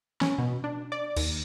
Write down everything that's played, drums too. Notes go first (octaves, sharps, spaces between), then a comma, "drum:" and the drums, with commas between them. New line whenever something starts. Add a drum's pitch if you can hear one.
C#4, drum: snare
B2
D4
D5
D#2, drum: cymbal